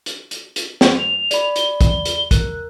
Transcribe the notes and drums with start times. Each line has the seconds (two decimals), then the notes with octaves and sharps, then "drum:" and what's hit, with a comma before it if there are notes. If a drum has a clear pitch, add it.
0.06 drum: hi-hat
0.31 drum: hi-hat
0.56 drum: hi-hat
0.81 drum: snare
0.98 F7
1.31 D5 B5, drum: hi-hat
1.56 G7, drum: hi-hat
1.81 drum: kick, hi-hat
2.06 drum: hi-hat
2.31 A#4 F#6, drum: kick, hi-hat